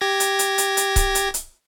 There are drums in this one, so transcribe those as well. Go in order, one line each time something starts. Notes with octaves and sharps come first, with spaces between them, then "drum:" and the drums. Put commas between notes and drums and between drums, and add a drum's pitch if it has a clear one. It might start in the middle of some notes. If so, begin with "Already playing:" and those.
G4 G#6 A#6
drum: hi-hat
drum: hi-hat
drum: hi-hat
drum: hi-hat
drum: kick C#1, hi-hat
drum: hi-hat
drum: hi-hat